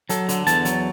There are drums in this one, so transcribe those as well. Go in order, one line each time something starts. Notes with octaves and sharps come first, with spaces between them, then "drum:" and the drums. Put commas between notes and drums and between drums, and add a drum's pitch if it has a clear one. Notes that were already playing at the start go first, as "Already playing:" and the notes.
F#3 A4, drum: hi-hat
D3, drum: hi-hat
E2 A5, drum: hi-hat
F#3, drum: hi-hat